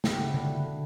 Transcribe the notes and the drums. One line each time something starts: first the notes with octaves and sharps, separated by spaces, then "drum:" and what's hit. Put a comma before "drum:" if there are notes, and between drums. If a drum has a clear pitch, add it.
C#3 G4, drum: snare
F#4
E4
D3 D4 F#4, drum: tom C#3
D3